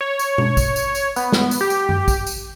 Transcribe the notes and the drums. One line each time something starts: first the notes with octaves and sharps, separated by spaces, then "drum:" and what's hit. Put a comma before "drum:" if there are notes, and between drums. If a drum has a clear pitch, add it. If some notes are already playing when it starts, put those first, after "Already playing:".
C#5
drum: tambourine
drum: tom B2
drum: kick, tambourine
drum: tambourine
drum: tambourine
B3, drum: tambourine
drum: snare
drum: tambourine
G4
drum: tambourine
drum: tom F#2
drum: kick, tambourine
drum: tambourine